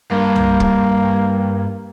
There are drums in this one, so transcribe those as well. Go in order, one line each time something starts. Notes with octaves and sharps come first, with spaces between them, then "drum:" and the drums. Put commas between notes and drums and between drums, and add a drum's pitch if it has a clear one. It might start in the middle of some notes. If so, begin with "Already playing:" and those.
G2 A#3
drum: tom
drum: kick